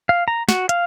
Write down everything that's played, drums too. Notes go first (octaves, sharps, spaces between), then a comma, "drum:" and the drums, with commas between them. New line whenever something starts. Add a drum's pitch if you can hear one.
F5
A#5
F#4, drum: snare
F5, drum: hi-hat